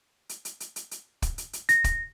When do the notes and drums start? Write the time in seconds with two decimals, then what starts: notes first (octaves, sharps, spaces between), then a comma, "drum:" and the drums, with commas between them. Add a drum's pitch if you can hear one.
0.29 drum: hi-hat
0.45 drum: hi-hat
0.60 drum: hi-hat
0.76 drum: hi-hat
0.91 drum: hi-hat
1.22 drum: kick, hi-hat
1.38 drum: hi-hat
1.53 drum: hi-hat
1.69 A#6, drum: hi-hat
1.84 drum: kick, hi-hat